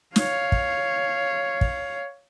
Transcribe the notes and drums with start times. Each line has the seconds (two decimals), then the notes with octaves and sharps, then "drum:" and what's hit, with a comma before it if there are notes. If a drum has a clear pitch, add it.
0.16 C#5 F5, drum: snare
0.52 drum: kick
1.61 drum: kick